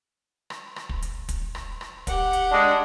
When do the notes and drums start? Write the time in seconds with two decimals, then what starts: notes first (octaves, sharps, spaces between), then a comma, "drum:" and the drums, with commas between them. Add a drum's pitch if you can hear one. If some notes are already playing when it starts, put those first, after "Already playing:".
0.50 drum: rim click
0.76 drum: rim click
0.89 drum: kick
1.02 drum: hi-hat
1.29 drum: kick, hi-hat
1.55 drum: rim click
1.81 drum: rim click
2.07 G4 F#5, drum: kick, hi-hat
2.33 drum: hi-hat
2.52 G#3 D4